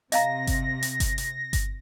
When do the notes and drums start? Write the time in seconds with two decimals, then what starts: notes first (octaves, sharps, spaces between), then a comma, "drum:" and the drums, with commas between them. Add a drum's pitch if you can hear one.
0.12 C3 D#5 F5 A#5 A#6, drum: hi-hat
0.47 drum: kick G1, hi-hat
0.83 drum: hi-hat
1.00 drum: kick G1, hi-hat
1.18 drum: hi-hat
1.53 drum: kick G1, hi-hat